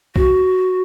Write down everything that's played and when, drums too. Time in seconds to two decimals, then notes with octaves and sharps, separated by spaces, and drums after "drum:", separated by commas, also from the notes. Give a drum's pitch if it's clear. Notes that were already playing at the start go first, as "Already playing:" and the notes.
0.16 F#4, drum: kick